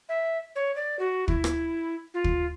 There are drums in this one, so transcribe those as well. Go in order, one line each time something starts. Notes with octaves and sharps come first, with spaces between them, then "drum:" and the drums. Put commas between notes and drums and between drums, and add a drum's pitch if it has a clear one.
E5
C#5
D5
F#4
E4, drum: kick
drum: rim click
F4
drum: kick